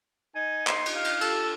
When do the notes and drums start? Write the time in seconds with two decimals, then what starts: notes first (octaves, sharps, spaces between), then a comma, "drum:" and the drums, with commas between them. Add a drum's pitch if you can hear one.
0.35 D#4 G#5
0.67 C6, drum: clap
0.86 drum: cymbal
0.95 F5
1.04 drum: cymbal
1.21 A4, drum: cymbal